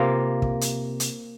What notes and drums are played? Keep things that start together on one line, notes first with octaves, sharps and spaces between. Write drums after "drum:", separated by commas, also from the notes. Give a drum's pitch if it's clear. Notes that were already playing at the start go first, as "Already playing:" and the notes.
Already playing: C3 A#3 F4
drum: kick
drum: hi-hat
drum: hi-hat